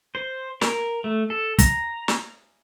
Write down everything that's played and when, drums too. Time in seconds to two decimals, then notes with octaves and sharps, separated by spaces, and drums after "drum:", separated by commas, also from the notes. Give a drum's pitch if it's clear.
0.15 C5
0.61 A#4, drum: snare
1.04 A3
1.30 A4
1.59 A#5, drum: kick, hi-hat
2.08 drum: snare